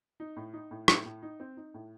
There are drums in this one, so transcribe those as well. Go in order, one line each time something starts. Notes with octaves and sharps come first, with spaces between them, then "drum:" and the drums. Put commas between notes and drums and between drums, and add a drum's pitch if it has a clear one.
D#4
A2
D#4
A2
A2, drum: rim click
A2
D#4
C4
D#4
A2